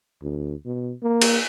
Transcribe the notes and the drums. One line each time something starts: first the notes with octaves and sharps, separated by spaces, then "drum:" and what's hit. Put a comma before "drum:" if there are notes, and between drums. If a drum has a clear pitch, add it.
D2
B2
A#3
drum: cymbal